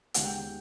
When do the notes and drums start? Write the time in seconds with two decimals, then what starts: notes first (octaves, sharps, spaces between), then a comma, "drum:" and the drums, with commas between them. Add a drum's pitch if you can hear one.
0.14 D#2 D#3 G#3 B3 F#5, drum: hi-hat
0.25 G5
0.35 G5